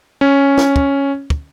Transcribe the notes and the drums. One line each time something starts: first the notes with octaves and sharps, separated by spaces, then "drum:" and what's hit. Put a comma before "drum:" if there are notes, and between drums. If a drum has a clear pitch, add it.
C#4
drum: snare
drum: kick
drum: kick